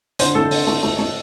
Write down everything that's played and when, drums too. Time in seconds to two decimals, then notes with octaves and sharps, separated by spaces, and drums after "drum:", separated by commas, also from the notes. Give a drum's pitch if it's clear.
0.19 D3 C5, drum: hi-hat
0.35 A3 A4
0.51 D3, drum: open hi-hat
0.67 A3
0.83 A3
0.99 A3